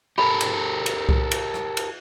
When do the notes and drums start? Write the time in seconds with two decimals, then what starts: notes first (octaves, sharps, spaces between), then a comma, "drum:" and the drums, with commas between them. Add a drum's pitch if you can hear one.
0.18 G4 A4 A#4 B5
0.41 drum: cymbal
0.86 drum: cymbal
1.09 drum: kick C2
1.31 drum: cymbal
1.54 drum: rim click
1.77 drum: cymbal